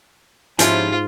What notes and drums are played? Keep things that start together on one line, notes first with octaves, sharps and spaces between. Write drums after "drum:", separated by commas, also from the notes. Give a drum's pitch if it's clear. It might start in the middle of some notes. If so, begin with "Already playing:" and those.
G#2 F3 C#4 E4 F4 G4 C5 G#5, drum: hi-hat